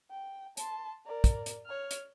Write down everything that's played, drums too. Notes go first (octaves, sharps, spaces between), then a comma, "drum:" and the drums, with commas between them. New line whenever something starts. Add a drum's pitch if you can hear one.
G5
A5 C6, drum: hi-hat
A#4 D5
drum: kick, hi-hat
drum: hi-hat
C#5 F6
drum: hi-hat